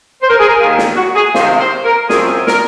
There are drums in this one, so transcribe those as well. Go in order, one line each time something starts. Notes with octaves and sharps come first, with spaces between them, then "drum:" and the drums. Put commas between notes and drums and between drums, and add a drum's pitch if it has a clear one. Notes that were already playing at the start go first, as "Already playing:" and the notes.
C5
A#4
G#4
A#4
D#2 D#3 A#3 G#4
drum: snare
F#4
G#4
C3 D#3 A#3 C5, drum: snare
C5
A#4
F#2 F3 C4 G#4, drum: snare
A#4, drum: snare